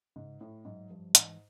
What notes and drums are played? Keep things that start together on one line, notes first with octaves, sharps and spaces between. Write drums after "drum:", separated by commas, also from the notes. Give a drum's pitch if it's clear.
G#2 C#3
A2
G#2 F#3
G2 F3
G#2 E3, drum: hi-hat